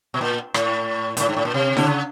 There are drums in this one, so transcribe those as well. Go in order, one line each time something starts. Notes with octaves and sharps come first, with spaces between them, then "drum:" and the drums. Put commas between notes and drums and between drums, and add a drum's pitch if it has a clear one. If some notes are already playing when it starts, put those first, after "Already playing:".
B2
A#2
A2, drum: rim click
A#2, drum: hi-hat
A2
G#2
A2
A#2
C3
D3, drum: snare E4
C#3